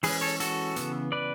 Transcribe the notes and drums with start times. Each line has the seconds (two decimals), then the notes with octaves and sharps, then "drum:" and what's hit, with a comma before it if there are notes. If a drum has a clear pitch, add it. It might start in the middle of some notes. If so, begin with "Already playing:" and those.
0.03 E3 G#3 C#4 G#4 B4, drum: open hi-hat
0.21 A4 C#5
0.40 F#4 A4, drum: hi-hat
0.76 C#3 E3 B3, drum: hi-hat
1.12 B4 D5